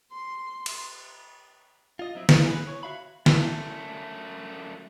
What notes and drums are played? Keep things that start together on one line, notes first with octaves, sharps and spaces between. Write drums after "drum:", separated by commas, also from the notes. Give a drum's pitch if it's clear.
C6
drum: cymbal
F4 D#5
F#3 C4 E4
F#3, drum: snare
G#4 B4
C#5
F#4 E5 F5 B5
F#2 A3, drum: snare